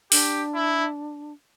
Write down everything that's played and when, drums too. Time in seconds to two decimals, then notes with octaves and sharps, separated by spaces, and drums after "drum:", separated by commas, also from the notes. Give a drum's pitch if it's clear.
0.12 D4 G4, drum: open hi-hat
0.55 E4